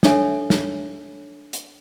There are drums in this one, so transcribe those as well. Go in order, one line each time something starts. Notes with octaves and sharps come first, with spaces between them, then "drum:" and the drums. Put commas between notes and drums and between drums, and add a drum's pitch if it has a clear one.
D4 A4 C#5 E5 G#5, drum: snare
drum: snare
drum: hi-hat